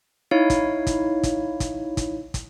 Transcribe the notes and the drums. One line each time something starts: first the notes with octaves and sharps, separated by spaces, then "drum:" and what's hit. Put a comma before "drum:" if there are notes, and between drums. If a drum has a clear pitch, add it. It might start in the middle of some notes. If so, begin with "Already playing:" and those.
D#4 E4 C#5 F5
drum: kick, hi-hat
drum: kick, hi-hat
drum: kick, hi-hat
drum: kick, hi-hat
drum: kick, hi-hat
drum: kick, hi-hat